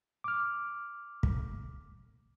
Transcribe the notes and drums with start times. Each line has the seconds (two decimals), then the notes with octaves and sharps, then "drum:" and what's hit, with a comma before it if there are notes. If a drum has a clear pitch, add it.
0.24 D6 F6
1.23 drum: kick